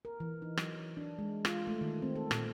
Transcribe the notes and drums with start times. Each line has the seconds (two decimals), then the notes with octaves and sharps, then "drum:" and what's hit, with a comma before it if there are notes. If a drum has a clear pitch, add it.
0.05 A#4
0.20 E3
0.42 D#4
0.57 F#3, drum: rim click
0.97 D4
1.19 G#3
1.45 F4, drum: rim click
1.67 A3
1.81 D#3
2.02 C4
2.16 A4
2.31 A#2, drum: rim click